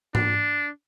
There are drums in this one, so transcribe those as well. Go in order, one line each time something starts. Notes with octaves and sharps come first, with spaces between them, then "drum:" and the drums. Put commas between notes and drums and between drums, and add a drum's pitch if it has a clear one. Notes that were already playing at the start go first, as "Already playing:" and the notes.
D4, drum: tom G#2